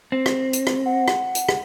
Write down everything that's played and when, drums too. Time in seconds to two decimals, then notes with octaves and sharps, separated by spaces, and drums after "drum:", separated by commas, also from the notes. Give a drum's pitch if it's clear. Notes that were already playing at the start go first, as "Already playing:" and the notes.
0.12 C4
0.26 drum: rim click
0.53 drum: hi-hat
0.67 drum: rim click
0.86 F#5
1.08 drum: rim click
1.35 drum: hi-hat
1.49 drum: rim click